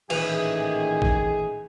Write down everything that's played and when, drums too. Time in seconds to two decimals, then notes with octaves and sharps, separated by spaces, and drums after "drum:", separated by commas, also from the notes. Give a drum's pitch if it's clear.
0.10 A1 A#2 D#3 E3 G#4, drum: cymbal
1.02 drum: kick G#1